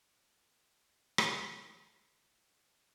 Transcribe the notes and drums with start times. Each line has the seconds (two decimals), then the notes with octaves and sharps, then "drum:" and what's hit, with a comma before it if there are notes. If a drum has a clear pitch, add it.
1.18 drum: rim click
1.61 G4 B4 F5
2.63 D3